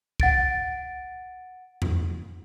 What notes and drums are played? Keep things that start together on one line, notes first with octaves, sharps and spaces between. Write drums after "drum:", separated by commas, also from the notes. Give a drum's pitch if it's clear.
F#5 A6 D7, drum: kick
drum: tom E2